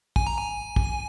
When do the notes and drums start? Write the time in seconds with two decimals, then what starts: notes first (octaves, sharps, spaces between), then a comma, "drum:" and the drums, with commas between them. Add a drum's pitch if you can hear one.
0.16 G#5, drum: kick
0.27 A#5
0.38 G#5
0.76 drum: kick